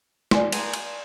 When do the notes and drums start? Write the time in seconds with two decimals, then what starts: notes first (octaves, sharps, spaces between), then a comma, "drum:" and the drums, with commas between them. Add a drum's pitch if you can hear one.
0.31 D5 G#5 C6, drum: snare
0.52 drum: cymbal
0.73 drum: cymbal